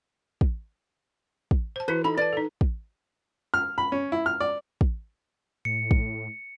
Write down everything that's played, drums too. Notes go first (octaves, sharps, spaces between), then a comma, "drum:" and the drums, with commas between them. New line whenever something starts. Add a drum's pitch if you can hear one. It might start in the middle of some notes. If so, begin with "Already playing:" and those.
drum: kick
drum: kick
C5 A5
E3 E4 F#4 B4
D#4 A4 B5
B4 D5 A5
D#4 A4
drum: kick
F6
B5
C#4
E4
F6
D5
drum: kick
A2 C#7
drum: kick